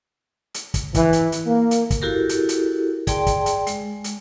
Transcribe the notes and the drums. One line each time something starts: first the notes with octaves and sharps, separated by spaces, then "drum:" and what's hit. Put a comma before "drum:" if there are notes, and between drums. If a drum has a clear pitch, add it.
drum: hi-hat
drum: kick, hi-hat
E3, drum: kick, hi-hat
drum: hi-hat
drum: hi-hat
A#3
drum: hi-hat
drum: kick, hi-hat
E4 F#4 G4 A4 A#4
drum: hi-hat
drum: hi-hat
G#4 D5 G5 A5 C6, drum: kick, hi-hat
drum: kick, hi-hat
drum: hi-hat
G#3, drum: hi-hat
drum: hi-hat